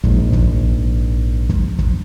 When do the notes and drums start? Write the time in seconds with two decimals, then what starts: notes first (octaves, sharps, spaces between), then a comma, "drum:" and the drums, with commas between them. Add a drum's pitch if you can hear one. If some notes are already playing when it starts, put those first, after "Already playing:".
0.04 A#1 G#2, drum: kick G1
0.33 drum: kick G1
1.49 drum: kick G1
1.79 drum: kick G1